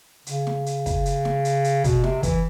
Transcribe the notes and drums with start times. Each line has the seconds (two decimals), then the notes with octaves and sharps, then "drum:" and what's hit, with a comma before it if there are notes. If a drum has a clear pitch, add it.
0.26 C#3, drum: hi-hat
0.47 drum: snare
0.66 drum: hi-hat
0.86 drum: kick, hi-hat
1.05 drum: hi-hat
1.25 drum: snare
1.45 drum: hi-hat
1.64 drum: hi-hat
1.84 B2, drum: kick, hi-hat
2.04 C3, drum: snare
2.23 E3, drum: kick, hi-hat